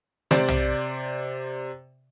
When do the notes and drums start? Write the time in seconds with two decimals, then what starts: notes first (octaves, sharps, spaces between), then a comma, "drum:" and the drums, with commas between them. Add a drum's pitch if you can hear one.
0.31 C3 C5 D5, drum: snare
0.48 drum: tom B1